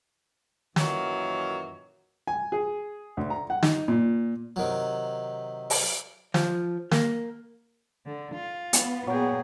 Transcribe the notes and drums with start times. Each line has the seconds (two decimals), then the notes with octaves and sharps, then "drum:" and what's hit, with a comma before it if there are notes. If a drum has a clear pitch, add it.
0.76 F#2 A#2 D#3 E3 F#3, drum: snare
2.27 G#5
2.52 G#4
3.17 D2
3.30 A#5
3.50 F#5
3.63 D#4, drum: snare
3.88 A#2
4.56 C3 D#3 F#3
5.70 drum: open hi-hat
6.34 F3, drum: snare
6.91 A#3, drum: snare
8.06 D3
8.35 F4
8.73 B3, drum: hi-hat
9.07 A#2 F#3 G#4 G5